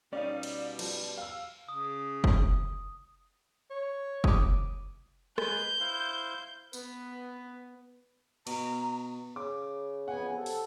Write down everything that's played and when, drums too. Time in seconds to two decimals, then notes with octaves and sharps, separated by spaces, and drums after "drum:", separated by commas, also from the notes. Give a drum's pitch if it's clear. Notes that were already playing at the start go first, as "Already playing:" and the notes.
0.13 B2 G3 C#4 D#4 D5 F5
0.43 drum: cymbal
0.79 F3, drum: cymbal
1.17 F5 E6
1.69 C#3 D#6
2.24 drum: kick
3.70 C#5
4.24 D6 D#6, drum: kick
5.38 G#3 B4 G#5 G6, drum: rim click
5.80 E4 C5 F5
6.73 B3, drum: tambourine
8.47 B2 A#5, drum: cymbal
9.36 C#3 D6
10.08 F2 B3 F#5 G#5
10.36 C3 A4
10.46 drum: open hi-hat